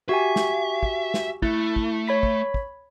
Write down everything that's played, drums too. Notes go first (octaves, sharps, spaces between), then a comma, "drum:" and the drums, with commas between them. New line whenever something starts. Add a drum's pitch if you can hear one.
F#4 G4 E5 G#5
drum: snare
drum: kick
drum: snare
A3 E4, drum: kick
drum: kick
C#5 B5 B6
drum: kick
drum: kick